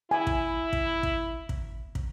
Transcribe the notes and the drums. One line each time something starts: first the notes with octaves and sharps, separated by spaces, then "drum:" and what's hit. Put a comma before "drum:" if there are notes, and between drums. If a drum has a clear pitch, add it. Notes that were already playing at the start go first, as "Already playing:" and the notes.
E4 G#5
drum: kick
drum: kick
drum: kick
drum: kick
drum: kick